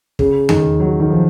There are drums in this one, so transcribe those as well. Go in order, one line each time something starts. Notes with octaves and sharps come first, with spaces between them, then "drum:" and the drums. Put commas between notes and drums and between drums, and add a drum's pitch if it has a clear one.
C#3, drum: kick
D#3, drum: tom E2
F#3
D#3
F3